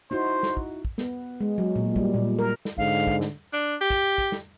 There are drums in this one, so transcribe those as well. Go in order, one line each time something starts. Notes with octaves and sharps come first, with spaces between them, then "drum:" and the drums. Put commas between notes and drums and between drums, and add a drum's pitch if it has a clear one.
D#4 E4 F#4 C5
drum: snare
drum: kick
drum: kick
B3, drum: snare
G#3
F#3
A#2
G3, drum: kick
A#2
A#4
drum: snare
G#2 D3 F5, drum: kick
drum: kick
drum: snare
D4
G4
drum: kick
drum: kick
drum: snare